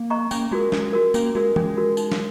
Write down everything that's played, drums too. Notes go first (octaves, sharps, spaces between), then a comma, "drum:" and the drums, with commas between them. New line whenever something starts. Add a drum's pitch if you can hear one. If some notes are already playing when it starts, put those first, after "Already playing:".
Already playing: A#3
D#5 A#5 C#6
A#3 C#4, drum: tambourine
G#3 F#4 A#4
G#3 C#4, drum: snare
F#4 A#4
A#3 C#4, drum: tambourine
G#3 F#4 A#4
G#3 C#4, drum: tom
F#4 A#4
D#4, drum: tambourine
drum: snare